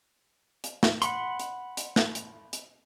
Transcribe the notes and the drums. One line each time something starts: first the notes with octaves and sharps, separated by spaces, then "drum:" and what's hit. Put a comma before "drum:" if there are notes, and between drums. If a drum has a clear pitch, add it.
drum: hi-hat
drum: snare
F#5 B5 C6, drum: hi-hat
drum: hi-hat
drum: hi-hat
drum: snare
drum: hi-hat
drum: hi-hat